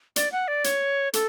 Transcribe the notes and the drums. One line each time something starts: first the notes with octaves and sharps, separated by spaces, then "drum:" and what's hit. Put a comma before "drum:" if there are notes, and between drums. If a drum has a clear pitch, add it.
D5, drum: hi-hat
F#5
D5
C#5, drum: hi-hat
A4, drum: hi-hat